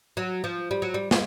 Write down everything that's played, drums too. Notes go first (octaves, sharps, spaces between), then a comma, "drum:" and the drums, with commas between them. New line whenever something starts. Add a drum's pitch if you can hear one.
F#3
F3
G3
F#3
G3
G#3, drum: snare